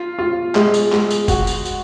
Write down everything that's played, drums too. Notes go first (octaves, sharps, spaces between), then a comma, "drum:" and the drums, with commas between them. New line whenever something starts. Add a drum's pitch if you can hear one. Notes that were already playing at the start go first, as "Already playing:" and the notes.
Already playing: F4
F4
G#3, drum: clap
drum: tambourine
G#3, drum: clap
drum: tambourine
F#4, drum: kick F1, tambourine
drum: tambourine
drum: tambourine